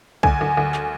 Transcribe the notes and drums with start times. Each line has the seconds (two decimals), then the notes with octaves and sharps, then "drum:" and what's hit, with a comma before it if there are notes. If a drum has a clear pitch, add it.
0.23 D2 G#5, drum: kick
0.41 D2
0.57 D2
0.74 drum: clap